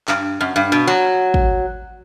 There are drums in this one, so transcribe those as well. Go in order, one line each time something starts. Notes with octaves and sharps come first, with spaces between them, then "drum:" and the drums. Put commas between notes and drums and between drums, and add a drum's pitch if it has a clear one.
G2, drum: clap
F#2
G2
B2
F#3
drum: kick